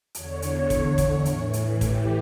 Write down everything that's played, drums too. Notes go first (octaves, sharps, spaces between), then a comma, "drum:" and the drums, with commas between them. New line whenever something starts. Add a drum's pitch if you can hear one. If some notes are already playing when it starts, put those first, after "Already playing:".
E2 D3 C#5, drum: hi-hat
drum: hi-hat
C#5, drum: kick, hi-hat
drum: kick, hi-hat
A2 E3, drum: hi-hat
drum: hi-hat
G4, drum: kick, hi-hat